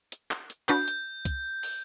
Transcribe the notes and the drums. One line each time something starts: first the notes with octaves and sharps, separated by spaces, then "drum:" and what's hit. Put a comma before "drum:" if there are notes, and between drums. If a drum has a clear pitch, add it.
drum: hi-hat
drum: clap
drum: hi-hat
D4 F#4 B4 G6, drum: clap
drum: hi-hat
drum: kick, hi-hat
drum: open hi-hat